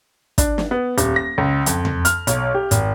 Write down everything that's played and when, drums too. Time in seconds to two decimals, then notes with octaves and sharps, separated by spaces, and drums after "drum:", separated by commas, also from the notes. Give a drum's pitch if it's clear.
0.38 D4, drum: kick, hi-hat
0.58 drum: snare
0.71 B3
0.98 D#1, drum: hi-hat
1.16 A#6
1.38 C#2
1.66 F2, drum: hi-hat
1.85 drum: tom E2
2.05 F6, drum: hi-hat
2.27 B1, drum: hi-hat
2.54 G4
2.71 G#1, drum: hi-hat